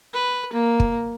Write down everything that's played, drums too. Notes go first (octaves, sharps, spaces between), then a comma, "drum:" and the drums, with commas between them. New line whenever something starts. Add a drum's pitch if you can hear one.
B4
A#3
drum: kick